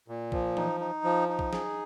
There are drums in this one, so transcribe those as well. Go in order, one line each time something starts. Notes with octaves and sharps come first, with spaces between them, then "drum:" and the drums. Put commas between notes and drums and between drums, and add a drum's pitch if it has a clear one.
A#2
F3, drum: kick
D#4, drum: tom E3
D#4
F3
D#4
drum: kick
G#4, drum: snare